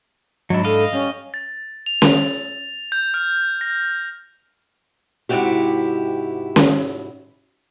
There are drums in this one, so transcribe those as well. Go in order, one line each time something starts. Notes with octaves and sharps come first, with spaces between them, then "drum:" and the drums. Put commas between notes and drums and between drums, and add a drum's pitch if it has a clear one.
G#2 F#3 D4 E4 D#5
A4 D#5 F5
G3 C#4
A6
F7
drum: snare C#4
G6
F6
A#6
G#2 C3 F#3 E4 F#4 G4
drum: snare C#4